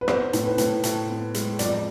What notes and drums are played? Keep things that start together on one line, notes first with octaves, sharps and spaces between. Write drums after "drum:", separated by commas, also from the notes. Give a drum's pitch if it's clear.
B4
B3 C5, drum: rim click
A2, drum: hi-hat
B4
A2, drum: hi-hat
A2, drum: hi-hat
B3
G#3, drum: hi-hat
F2 D5, drum: hi-hat